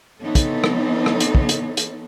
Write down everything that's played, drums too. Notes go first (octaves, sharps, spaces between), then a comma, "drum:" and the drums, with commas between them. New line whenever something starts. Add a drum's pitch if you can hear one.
E3 B3 C4 D#4 A4 C#5
drum: kick, hi-hat
drum: rim click
drum: rim click
drum: hi-hat
drum: kick
drum: hi-hat
drum: hi-hat